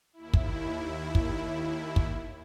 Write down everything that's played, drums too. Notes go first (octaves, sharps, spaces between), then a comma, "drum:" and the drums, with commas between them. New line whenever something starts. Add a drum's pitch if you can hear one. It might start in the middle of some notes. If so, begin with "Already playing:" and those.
D#2 E4
drum: kick
drum: kick
drum: kick